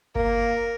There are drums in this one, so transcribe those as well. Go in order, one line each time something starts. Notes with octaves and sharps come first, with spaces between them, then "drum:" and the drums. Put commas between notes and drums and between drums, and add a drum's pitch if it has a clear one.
A#3 A#4, drum: kick G1